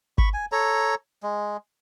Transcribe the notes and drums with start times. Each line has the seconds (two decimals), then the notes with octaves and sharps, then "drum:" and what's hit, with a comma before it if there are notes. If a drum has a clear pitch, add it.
0.18 B5 C#6, drum: kick G#1
0.34 G#5
0.52 A4 C#5 A#5
1.23 G#3